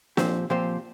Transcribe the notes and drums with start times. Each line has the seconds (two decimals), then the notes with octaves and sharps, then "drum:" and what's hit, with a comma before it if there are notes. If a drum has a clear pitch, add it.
0.17 A#2 F3 C4 G4 C5, drum: snare
0.50 A#2 F3 C4 G4 C5